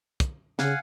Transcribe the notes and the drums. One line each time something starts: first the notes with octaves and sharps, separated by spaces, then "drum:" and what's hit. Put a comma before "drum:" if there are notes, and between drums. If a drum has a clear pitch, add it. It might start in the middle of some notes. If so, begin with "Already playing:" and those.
drum: kick, hi-hat
C#3 F5 F#5 G#5, drum: snare